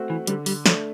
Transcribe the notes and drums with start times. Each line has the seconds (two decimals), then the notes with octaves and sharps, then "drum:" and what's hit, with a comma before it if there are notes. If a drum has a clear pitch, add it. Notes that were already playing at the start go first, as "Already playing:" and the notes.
Already playing: A3 C4 F#4
0.10 E3
0.27 D3 G3, drum: hi-hat
0.46 G3, drum: open hi-hat
0.66 F#3 A3 D4, drum: snare